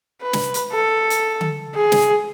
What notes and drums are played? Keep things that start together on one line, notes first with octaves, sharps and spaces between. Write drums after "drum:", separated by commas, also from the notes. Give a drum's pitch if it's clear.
B4
drum: snare
drum: hi-hat
A4
drum: hi-hat
drum: tom D3
G#4
drum: snare